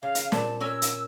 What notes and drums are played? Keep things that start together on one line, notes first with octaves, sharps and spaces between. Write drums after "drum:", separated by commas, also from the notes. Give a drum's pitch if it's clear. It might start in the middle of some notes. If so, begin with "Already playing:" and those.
C#3 F5
drum: hi-hat
A#2 G3 C4 A5, drum: snare
C#4 A#4 G#5 E6
E6, drum: hi-hat